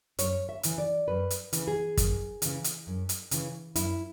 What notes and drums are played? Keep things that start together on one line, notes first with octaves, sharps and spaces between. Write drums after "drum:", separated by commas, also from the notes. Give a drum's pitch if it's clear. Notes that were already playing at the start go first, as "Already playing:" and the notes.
F#2 C#5, drum: hi-hat
E5
C#3 E3, drum: hi-hat
D5
F#2 B4
drum: hi-hat
C#3 E3, drum: hi-hat
G#4
F#2, drum: kick, hi-hat
C#3 E3, drum: hi-hat
drum: hi-hat
F#2
drum: hi-hat
C#3 E3, drum: hi-hat
F#2 E4, drum: hi-hat